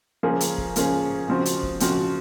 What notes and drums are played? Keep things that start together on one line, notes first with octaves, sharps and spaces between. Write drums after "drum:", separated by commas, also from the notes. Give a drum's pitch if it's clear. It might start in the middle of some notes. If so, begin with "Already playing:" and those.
C#3 F3 A#3 C#4 G#4
drum: hi-hat
drum: kick
C#3 F3 A#3 C#4 G#4, drum: hi-hat
C#3 F3 C4 F#4
drum: hi-hat
drum: kick
C#3 F3 C4 F#4, drum: hi-hat